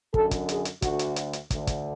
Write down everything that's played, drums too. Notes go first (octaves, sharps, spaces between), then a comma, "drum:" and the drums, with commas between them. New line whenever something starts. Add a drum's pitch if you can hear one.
F#2 D3 A4, drum: kick
drum: kick, hi-hat
G#4, drum: hi-hat
drum: hi-hat
D2 D3 F#4, drum: kick, hi-hat
drum: hi-hat
drum: hi-hat
drum: hi-hat
D2 D3, drum: kick, hi-hat
drum: kick, hi-hat